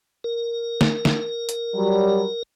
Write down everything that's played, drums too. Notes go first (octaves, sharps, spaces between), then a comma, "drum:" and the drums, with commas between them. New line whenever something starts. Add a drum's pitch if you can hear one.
A#4
drum: snare
drum: snare
drum: hi-hat
F#3 G3